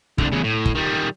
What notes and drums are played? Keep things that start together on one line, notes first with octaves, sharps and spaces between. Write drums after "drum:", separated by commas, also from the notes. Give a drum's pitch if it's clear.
C2 D3, drum: kick
E2 C#3
A2
drum: kick
D#3 G3